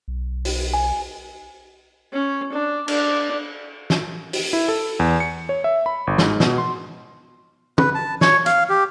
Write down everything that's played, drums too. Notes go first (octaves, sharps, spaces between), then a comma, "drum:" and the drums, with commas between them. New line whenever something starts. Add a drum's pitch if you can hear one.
B1
drum: open hi-hat
G#5
C#4
D4
D4, drum: cymbal
drum: snare
drum: open hi-hat
E4
A4
E2
C#7
C#5
E5
B5
G1
G#2, drum: snare
B2, drum: snare
C6
B4, drum: tom
A5
C#5, drum: snare
F5, drum: hi-hat
G4